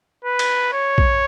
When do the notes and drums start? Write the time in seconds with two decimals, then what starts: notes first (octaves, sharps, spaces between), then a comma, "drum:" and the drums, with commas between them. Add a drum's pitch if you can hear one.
0.25 B4
0.39 drum: cymbal
0.73 C#5
0.98 drum: kick A#1